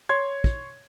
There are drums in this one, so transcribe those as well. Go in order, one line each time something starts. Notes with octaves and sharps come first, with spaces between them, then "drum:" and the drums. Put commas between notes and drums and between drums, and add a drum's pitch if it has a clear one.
C#5 C6 G#6
drum: kick